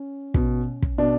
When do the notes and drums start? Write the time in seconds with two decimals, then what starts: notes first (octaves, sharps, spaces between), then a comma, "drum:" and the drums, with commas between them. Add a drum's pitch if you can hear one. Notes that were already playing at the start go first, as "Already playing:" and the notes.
Already playing: C#4
0.34 B2, drum: kick
0.82 drum: kick
0.98 B2 D4